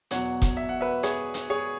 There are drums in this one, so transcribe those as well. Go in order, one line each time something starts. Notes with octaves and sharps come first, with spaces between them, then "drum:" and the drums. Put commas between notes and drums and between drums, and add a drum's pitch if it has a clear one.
E2 B2 F#3 C#5 F#5, drum: hi-hat
drum: kick F1, hi-hat
E5
F#5
B4 E5
G#4 C#5, drum: hi-hat
drum: hi-hat
G#4 C#5